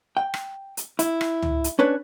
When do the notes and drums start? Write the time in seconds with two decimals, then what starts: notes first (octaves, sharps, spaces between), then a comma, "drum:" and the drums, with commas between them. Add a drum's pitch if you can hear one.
0.17 G5
0.34 drum: rim click
0.77 drum: hi-hat
0.99 E4, drum: hi-hat
1.21 drum: rim click
1.42 drum: tom C#2
1.64 drum: hi-hat
1.79 C#4 D4 B4 C#5